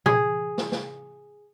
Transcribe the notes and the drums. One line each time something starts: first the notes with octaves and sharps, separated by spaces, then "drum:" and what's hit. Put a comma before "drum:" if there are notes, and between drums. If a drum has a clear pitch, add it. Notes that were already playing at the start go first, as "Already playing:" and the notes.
G#4, drum: tom A#2
drum: snare
drum: snare